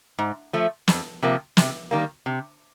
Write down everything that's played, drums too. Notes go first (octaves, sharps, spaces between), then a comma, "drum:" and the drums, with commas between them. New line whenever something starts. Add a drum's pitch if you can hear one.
G#2
F3 A3
F2, drum: snare
C3 F3 A#3
C3, drum: snare
D#3 G3 A#3
C3